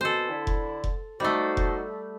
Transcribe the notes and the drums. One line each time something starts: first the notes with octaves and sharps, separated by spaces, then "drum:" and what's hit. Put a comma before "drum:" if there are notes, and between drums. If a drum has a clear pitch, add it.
B2 E3 A4 C5
D3 E4
drum: kick F1
drum: kick F1
G3 A3 D#4 F#4 C5
drum: kick F1